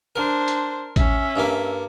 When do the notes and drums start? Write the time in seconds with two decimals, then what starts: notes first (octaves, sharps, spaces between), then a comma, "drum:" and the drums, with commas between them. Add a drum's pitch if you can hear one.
0.16 D4 A#4 C5
0.48 drum: hi-hat
0.96 C#4 E5, drum: kick A1, hi-hat
1.36 G2 A#3